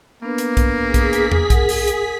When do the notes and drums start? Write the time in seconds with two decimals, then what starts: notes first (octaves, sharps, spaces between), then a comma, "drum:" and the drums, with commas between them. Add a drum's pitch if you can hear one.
0.22 A#3 B3 D4 B4
0.38 drum: hi-hat
0.57 drum: kick, hi-hat
0.82 G#4 B6
0.94 drum: kick, hi-hat
1.13 drum: hi-hat
1.32 drum: tom E2
1.50 A#4 F#5, drum: kick, hi-hat
1.69 drum: open hi-hat
1.87 drum: hi-hat